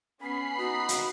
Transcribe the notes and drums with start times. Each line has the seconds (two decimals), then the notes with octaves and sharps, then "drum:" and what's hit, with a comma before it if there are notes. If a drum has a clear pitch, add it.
0.21 B3 C#4 G#5 B5 C7
0.58 B3 D#4 F#4
0.89 drum: hi-hat